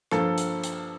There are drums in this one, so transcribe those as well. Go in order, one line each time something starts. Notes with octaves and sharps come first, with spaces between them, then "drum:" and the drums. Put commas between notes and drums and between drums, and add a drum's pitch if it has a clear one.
G2 F3 A#3 A4, drum: rim click
drum: hi-hat
drum: hi-hat